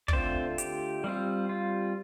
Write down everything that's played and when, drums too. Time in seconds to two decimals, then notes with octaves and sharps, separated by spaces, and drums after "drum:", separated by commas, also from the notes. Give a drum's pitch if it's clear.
0.08 D5, drum: kick
0.13 D3 A3 C4 F4 C5
0.58 G4, drum: hi-hat
1.04 G3 C4 F4
1.49 F4